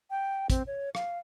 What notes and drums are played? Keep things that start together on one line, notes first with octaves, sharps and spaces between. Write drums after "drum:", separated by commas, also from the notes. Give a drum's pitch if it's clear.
G5
C4, drum: kick, hi-hat
C#5
F5, drum: rim click